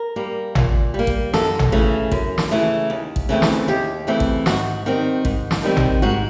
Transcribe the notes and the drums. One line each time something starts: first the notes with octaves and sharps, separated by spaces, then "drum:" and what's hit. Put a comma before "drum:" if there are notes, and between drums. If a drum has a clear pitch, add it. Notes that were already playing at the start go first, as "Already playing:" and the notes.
Already playing: A#4
G3 A#3
A#2, drum: tom A1
G3 A#3
drum: kick
F#2 A4, drum: snare
drum: tom A1
C#3 E3 A3
F#2, drum: kick
drum: snare
C#3 E3 A3
D#2
drum: kick
C#3 E3 A3 C4
drum: snare
D#2 G4
C#3 E3 A3 C4
drum: kick
G#2 F#4, drum: snare
D#3 G3 C4
G#2, drum: kick
drum: snare
D#3 G3 C4
drum: tom A1
G#2 F#4